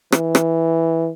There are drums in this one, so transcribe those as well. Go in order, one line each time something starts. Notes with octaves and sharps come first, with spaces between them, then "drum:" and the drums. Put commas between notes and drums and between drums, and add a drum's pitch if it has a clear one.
E3, drum: rim click
drum: rim click